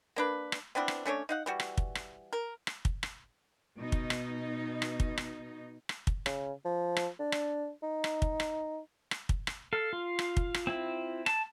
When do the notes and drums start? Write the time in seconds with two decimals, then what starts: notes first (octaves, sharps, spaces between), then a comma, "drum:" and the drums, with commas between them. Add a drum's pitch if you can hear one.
0.16 A#3 D4 B4
0.52 drum: rim click
0.75 B3 C4 D4 E4
0.88 drum: rim click
1.05 A3 C#4 D4 C#5
1.29 D#4 F5 F#5
1.46 E3 G3 F#4
1.60 drum: rim click
1.77 drum: kick
1.95 drum: rim click
2.33 A#4
2.67 drum: rim click
2.85 drum: kick
3.03 drum: rim click
3.79 B2 D#4
3.92 drum: kick
4.10 drum: rim click
4.82 drum: rim click
5.00 drum: kick
5.18 drum: rim click
5.89 drum: rim click
6.07 drum: kick
6.26 C#3, drum: rim click
6.65 F3
6.97 drum: rim click
7.19 D4
7.32 drum: rim click
7.83 D#4
8.04 drum: rim click
8.22 drum: kick
8.40 drum: rim click
9.11 drum: rim click
9.29 drum: kick
9.47 drum: rim click
9.73 A4 F5
9.93 F4
10.19 drum: rim click
10.37 drum: kick
10.54 drum: rim click
10.67 C4 E4
11.26 A5, drum: rim click